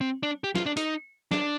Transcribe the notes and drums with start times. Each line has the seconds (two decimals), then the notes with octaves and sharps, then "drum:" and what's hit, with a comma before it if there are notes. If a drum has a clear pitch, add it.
0.01 C4
0.23 D4
0.44 G4
0.56 F4, drum: snare
0.66 D4
0.77 D#4, drum: hi-hat
1.31 D4, drum: snare